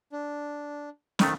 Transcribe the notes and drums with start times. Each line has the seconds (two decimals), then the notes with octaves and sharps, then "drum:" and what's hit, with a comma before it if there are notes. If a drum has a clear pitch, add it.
0.12 D4
1.19 F2 D#3 A3, drum: snare